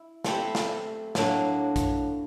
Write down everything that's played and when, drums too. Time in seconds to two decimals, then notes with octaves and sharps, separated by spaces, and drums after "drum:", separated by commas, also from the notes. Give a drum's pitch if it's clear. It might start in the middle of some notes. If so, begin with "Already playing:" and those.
Already playing: E4
0.24 A3 C4 E4 G4, drum: snare
0.55 drum: snare
1.15 A2 F#3 A#3 D4 F#4, drum: snare
1.76 drum: kick, hi-hat